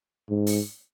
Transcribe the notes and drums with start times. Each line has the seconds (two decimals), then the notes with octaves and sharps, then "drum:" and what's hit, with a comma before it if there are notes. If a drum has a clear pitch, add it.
0.31 G#2
0.47 drum: open hi-hat